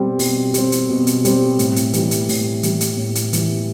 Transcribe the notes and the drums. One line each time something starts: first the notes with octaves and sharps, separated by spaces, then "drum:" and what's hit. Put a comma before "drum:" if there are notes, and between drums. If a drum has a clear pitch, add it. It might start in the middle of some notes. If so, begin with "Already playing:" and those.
Already playing: B2 G3 C4
B2, drum: open hi-hat
G3 C4, drum: hi-hat
drum: hi-hat
B2
drum: hi-hat
G3 C4, drum: hi-hat
A2, drum: hi-hat
drum: hi-hat
E3 G3, drum: hi-hat
drum: hi-hat
A2, drum: open hi-hat
E3 G3, drum: hi-hat
drum: hi-hat
A2
drum: hi-hat
E3 G3, drum: hi-hat